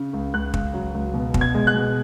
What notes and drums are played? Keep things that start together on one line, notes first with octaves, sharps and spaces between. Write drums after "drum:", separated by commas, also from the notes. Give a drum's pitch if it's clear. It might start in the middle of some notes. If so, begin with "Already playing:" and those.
Already playing: C#3
C#2
C#2 F#6
C#2, drum: kick
F#3
C#2
B2
B2, drum: kick
G#6
G#3
F#6
B2